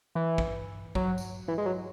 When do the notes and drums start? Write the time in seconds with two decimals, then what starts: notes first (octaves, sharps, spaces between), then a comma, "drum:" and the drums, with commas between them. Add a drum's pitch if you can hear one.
0.15 E3
0.38 drum: kick
0.95 F#3, drum: kick
1.18 drum: tambourine
1.48 E3
1.58 G#3
1.66 F#3